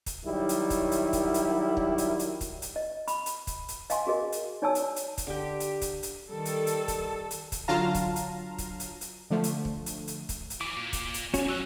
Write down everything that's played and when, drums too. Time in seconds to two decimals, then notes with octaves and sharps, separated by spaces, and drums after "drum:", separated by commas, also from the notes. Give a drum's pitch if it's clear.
0.06 drum: kick, hi-hat
0.24 D#3 F#3 G3 E4
0.49 drum: hi-hat
0.70 drum: kick, hi-hat
0.92 drum: hi-hat
1.13 drum: kick, hi-hat
1.34 drum: hi-hat
1.77 drum: kick
1.98 drum: hi-hat
2.19 drum: hi-hat
2.41 drum: kick, hi-hat
2.62 drum: hi-hat
2.76 D#5
3.08 B5, drum: hi-hat
3.26 drum: hi-hat
3.47 drum: kick, hi-hat
3.68 drum: hi-hat
3.90 D#5 F5 G5 G#5 C6, drum: hi-hat
4.07 F#4 G#4 A#4 D#5
4.32 drum: hi-hat
4.62 D#4 C#5 D5 G#5 A5 E6
4.75 drum: hi-hat
4.96 drum: hi-hat
5.18 drum: kick, hi-hat
5.27 D3 G4 G5
5.60 drum: hi-hat
5.81 drum: kick, hi-hat
6.03 drum: hi-hat
6.30 D#3 G3 A4
6.45 drum: hi-hat
6.67 drum: hi-hat
6.88 drum: kick, hi-hat
7.31 drum: hi-hat
7.52 drum: kick, hi-hat
7.68 D3 F#3 F4 F5 A5 A#5
7.94 drum: kick, hi-hat
8.16 drum: hi-hat
8.58 drum: kick, hi-hat
8.80 drum: hi-hat
9.01 drum: hi-hat
9.30 D3 F3 A3
9.44 drum: hi-hat
9.65 drum: kick
9.86 drum: hi-hat
10.08 drum: hi-hat
10.29 drum: kick, hi-hat
10.50 drum: hi-hat
10.61 E3 F#3 D6
10.77 A#2
10.93 drum: kick, hi-hat
11.14 drum: hi-hat
11.34 C#4 F#4 C#5, drum: kick, hi-hat
11.49 F2 F#3 E6 F#6